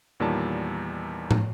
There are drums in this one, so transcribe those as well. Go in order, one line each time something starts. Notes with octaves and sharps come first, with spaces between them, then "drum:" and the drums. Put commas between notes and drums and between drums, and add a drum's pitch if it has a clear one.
E2 A#2 D#3 G3 C#5 A5
drum: tom A2